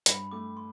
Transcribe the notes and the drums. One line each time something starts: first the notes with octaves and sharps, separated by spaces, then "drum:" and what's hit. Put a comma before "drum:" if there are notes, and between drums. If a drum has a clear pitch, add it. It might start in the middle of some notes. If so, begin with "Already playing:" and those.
G2 B5, drum: hi-hat
A3 D6
C6